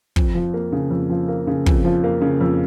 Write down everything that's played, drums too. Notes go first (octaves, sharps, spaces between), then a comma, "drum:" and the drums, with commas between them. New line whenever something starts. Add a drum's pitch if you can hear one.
F2, drum: kick
F3
A#3
C#3
F2
F3
A#3
C#3
F2, drum: kick
F3
A#3
C#3
F2